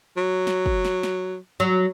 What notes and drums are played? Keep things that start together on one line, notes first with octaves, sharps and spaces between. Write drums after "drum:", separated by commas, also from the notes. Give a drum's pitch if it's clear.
F#3
drum: snare
drum: kick
drum: snare
drum: snare
F#3